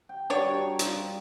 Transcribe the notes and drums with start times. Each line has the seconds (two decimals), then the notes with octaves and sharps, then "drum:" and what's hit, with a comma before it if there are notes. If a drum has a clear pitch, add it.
0.09 G5
0.30 G2 D4 F#4 C#5
0.46 A#4 G5
0.79 F4, drum: hi-hat